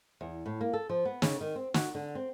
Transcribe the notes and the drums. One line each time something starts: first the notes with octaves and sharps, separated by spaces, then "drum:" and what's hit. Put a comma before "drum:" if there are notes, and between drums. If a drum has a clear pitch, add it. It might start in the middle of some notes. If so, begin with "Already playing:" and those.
E2
A2
A#3
A4
F3
B3
C#3, drum: snare
D#3
C4
F#4, drum: snare
D3
C4